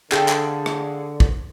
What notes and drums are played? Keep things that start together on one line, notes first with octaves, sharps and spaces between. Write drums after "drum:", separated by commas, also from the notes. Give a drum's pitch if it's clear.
D3 G#4 A4 F5 G5, drum: clap
drum: clap
drum: rim click
drum: kick